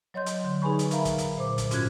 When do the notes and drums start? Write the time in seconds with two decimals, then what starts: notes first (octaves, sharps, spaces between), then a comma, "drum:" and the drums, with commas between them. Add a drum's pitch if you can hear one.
0.14 F#3 C#5 D#5 C6 G6
0.26 drum: hi-hat
0.44 D3
0.62 D#4 G#4 B4 G#5 B5 C#6
0.79 drum: hi-hat
0.91 A#4 E5 F5 A#5 B5, drum: hi-hat
1.05 drum: kick, hi-hat
1.18 drum: hi-hat
1.37 A#2 C5 D6
1.58 drum: kick, hi-hat
1.71 G#2 C#4 F4 F#4 F#6 G#6, drum: hi-hat